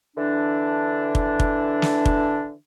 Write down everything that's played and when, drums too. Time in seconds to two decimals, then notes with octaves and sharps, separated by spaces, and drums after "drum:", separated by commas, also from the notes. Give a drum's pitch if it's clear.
0.17 D3 E3 D4
1.15 drum: kick
1.40 drum: kick
1.82 drum: snare
2.05 drum: kick